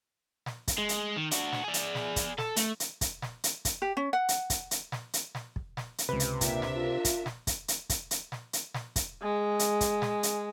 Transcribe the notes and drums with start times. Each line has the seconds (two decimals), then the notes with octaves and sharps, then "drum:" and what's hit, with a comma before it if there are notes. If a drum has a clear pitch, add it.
0.46 drum: snare
0.68 drum: kick, hi-hat
0.78 G#3
0.89 drum: hi-hat
1.16 D#3
1.31 D4 F#4, drum: hi-hat
1.52 drum: snare
1.64 G#4 D5
1.74 drum: hi-hat
1.95 drum: snare
2.16 drum: kick, hi-hat
2.38 A4, drum: snare
2.56 A3, drum: hi-hat
2.80 drum: hi-hat
3.01 drum: kick, hi-hat
3.22 drum: snare
3.44 drum: hi-hat
3.65 drum: kick, hi-hat
3.82 G4
3.97 C#4
4.13 F#5
4.29 drum: hi-hat
4.50 drum: kick, hi-hat
4.71 drum: hi-hat
4.92 drum: snare
5.13 drum: hi-hat
5.35 drum: snare
5.56 drum: kick
5.77 drum: snare
5.98 drum: hi-hat
6.09 C#2 C3 B4
6.20 drum: hi-hat
6.41 A#2 D4 A#4 E5, drum: kick, hi-hat
6.62 drum: snare
6.76 F4
7.05 drum: kick, hi-hat
7.26 drum: snare
7.47 drum: kick, hi-hat
7.68 drum: hi-hat
7.90 drum: kick, hi-hat
8.11 drum: hi-hat
8.32 drum: snare
8.53 drum: hi-hat
8.74 drum: snare
8.96 drum: kick, hi-hat
9.22 G#3
9.59 drum: hi-hat
9.81 drum: kick, hi-hat
10.02 drum: snare
10.23 drum: hi-hat